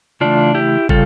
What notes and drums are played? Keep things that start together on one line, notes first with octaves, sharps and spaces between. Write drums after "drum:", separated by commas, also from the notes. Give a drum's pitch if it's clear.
C#3 E3 A3 D4 F4
E4 G4
C#3 G3 F4 A4, drum: kick